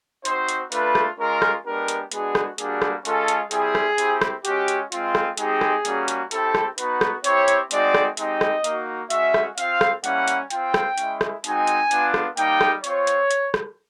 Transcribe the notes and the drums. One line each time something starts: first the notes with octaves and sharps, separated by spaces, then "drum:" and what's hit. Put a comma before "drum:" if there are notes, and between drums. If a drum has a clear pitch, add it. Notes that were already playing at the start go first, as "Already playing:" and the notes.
C4 D#4 F#4 C5, drum: hi-hat
drum: hi-hat
A3 D4 F4 B4, drum: hi-hat
drum: rim click
G#3 C#4 F4 A#4
drum: rim click
G#3 B3 D4 G4 A#4
drum: hi-hat
G#3 B3 D4 F#4 G#4, drum: hi-hat
drum: rim click
G3 A#3 D4 F#4 G#4, drum: hi-hat
drum: rim click
G#3 C#4 F4 A4, drum: hi-hat
drum: hi-hat
G3 C4 E4 G#4, drum: hi-hat
drum: rim click
C4 E4 G4, drum: hi-hat
drum: rim click
G#3 C#4 F#4 G4, drum: hi-hat
drum: hi-hat
G#3 C4 F4, drum: hi-hat
drum: rim click
G#3 C4 D#4 G4 G#4, drum: hi-hat
drum: rim click
G3 A#3 C#4 F#4, drum: hi-hat
drum: hi-hat
C4 E4 G4 A4, drum: hi-hat
drum: rim click
B3 D#4 F#4 B4, drum: hi-hat
drum: rim click
C4 E4 G4 C#5, drum: hi-hat
drum: hi-hat
G#3 C4 D#4 F#4 D5, drum: hi-hat
drum: rim click
G#3 C4 D#4 G4 D#5, drum: hi-hat
drum: rim click
A#3 D#4 F#4, drum: hi-hat
G#3 C#4 F#4 E5, drum: hi-hat
drum: rim click
C4 F4 F5, drum: hi-hat
drum: rim click
G3 A#3 C#4 E4 F#5, drum: hi-hat
drum: hi-hat
C4 F4 G5, drum: hi-hat
drum: rim click
G#3 C#4 E4, drum: hi-hat
drum: rim click
G#3 C4 D#4 F#4 G#5, drum: hi-hat
drum: hi-hat
B3 D4 F4, drum: hi-hat
drum: rim click
G3 A#3 D#4 G4 G5, drum: hi-hat
drum: rim click
C4 F4 C#5, drum: hi-hat
drum: hi-hat
drum: hi-hat
drum: rim click